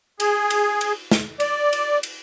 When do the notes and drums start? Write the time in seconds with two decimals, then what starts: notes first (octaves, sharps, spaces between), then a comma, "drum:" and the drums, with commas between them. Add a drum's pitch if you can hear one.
0.20 G#4, drum: cymbal
0.50 drum: cymbal
0.81 drum: cymbal
1.11 drum: snare
1.40 D5, drum: cymbal
1.73 drum: cymbal
2.03 drum: cymbal